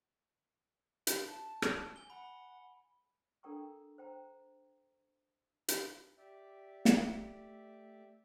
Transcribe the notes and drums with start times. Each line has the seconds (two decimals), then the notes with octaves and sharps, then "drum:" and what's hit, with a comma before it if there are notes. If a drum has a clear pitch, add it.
1.07 drum: hi-hat
1.27 A5
1.62 drum: rim click
1.96 G#5 G7
2.10 F#5 B5
3.43 D4 A4 A#4 G5 A#5 C#6
3.98 C5 G5 A#5
5.68 drum: hi-hat
6.18 G4 D5 E5
6.85 A3, drum: snare